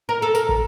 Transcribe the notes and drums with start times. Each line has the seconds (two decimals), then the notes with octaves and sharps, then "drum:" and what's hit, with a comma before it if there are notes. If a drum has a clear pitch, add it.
0.09 A#4
0.22 A4
0.35 A#4, drum: tambourine
0.49 drum: kick